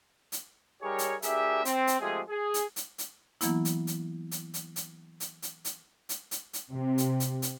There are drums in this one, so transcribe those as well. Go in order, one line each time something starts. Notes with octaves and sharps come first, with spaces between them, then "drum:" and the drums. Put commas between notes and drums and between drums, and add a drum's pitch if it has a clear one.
drum: hi-hat
G3 D#4 G4 G#4 A#4 C#5
drum: hi-hat
D2 D3 G4 G#4 A#4 E5, drum: hi-hat
C4, drum: hi-hat
drum: hi-hat
F3 G#3 A3 C4 G4 G#4
G#4
drum: hi-hat
drum: hi-hat
drum: hi-hat
E3 F#3 A#3 B3 E4, drum: hi-hat
drum: hi-hat
drum: hi-hat
drum: hi-hat
drum: hi-hat
drum: hi-hat
drum: hi-hat
drum: hi-hat
drum: hi-hat
drum: hi-hat
drum: hi-hat
drum: hi-hat
C3
drum: hi-hat
drum: hi-hat
drum: hi-hat